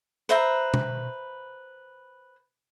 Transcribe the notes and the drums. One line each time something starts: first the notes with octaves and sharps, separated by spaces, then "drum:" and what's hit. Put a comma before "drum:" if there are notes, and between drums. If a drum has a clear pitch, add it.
B4 C5 E5 A#5
drum: tom